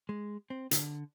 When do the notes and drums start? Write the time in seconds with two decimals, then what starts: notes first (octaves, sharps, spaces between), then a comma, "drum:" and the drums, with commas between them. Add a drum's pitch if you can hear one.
0.09 G#3
0.50 C4
0.71 D3, drum: hi-hat